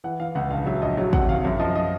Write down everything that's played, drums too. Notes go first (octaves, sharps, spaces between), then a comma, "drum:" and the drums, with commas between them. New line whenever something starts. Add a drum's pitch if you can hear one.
E3 F#5
E3 F5
C#2 F#5
A#1 F5
F#3 E5
A#1 D#5
F#3 E5
C3 F#5, drum: kick
D#3 F5
F#2 E5
F3 D#5
F3 D#5